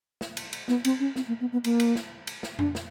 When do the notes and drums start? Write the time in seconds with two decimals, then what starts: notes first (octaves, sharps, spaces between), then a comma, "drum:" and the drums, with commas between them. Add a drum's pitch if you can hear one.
0.21 drum: snare
0.37 drum: cymbal
0.53 drum: cymbal
0.68 B3, drum: snare
0.85 C4, drum: cymbal
1.00 C#4
1.16 C4, drum: snare
1.28 A#3
1.41 B3
1.52 B3
1.64 A#3, drum: cymbal
1.80 drum: cymbal
1.96 drum: snare
2.27 drum: cymbal
2.43 drum: snare
2.59 D4, drum: tom F2
2.75 drum: snare